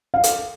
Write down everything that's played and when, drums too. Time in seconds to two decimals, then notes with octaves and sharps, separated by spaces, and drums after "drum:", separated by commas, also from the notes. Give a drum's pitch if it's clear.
0.14 F5
0.24 drum: hi-hat